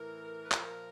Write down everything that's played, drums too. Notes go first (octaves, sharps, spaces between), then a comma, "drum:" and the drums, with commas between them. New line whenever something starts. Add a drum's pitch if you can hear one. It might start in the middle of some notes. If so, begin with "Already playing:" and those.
Already playing: A2 E3 A#4
B4
A#2 F3 A#4, drum: clap